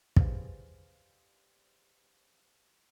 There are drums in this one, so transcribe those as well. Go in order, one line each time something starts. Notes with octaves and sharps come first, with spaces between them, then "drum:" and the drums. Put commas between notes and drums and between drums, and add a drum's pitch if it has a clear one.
G4 G#4 B4 C5 D5 F5, drum: kick